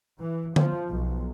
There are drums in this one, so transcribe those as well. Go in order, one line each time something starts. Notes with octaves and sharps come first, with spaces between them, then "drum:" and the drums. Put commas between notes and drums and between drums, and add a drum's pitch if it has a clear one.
E3
F3, drum: tom D3
B1